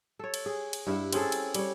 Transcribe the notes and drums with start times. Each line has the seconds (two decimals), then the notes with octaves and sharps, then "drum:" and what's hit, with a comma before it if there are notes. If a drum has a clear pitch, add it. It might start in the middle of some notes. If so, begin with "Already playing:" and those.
0.19 A4 C#5
0.34 drum: cymbal
0.46 G#4
0.73 drum: cymbal
0.87 G2 E4 E5 F#5
1.13 C4 C#4 G#4 A4, drum: cymbal
1.32 drum: cymbal
1.54 G3 C#5, drum: cymbal